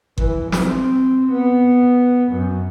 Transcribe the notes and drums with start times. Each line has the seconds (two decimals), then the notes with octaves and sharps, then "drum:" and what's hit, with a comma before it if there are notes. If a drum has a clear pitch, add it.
0.18 E3, drum: kick G1
0.52 C4, drum: snare
1.32 B3
2.32 F#2